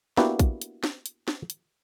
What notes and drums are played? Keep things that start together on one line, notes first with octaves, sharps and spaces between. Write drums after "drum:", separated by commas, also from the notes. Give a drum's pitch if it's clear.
A#3 B3 D4 E4 F#4 G4, drum: snare
drum: kick, hi-hat
drum: hi-hat
drum: snare
drum: hi-hat
drum: snare
drum: hi-hat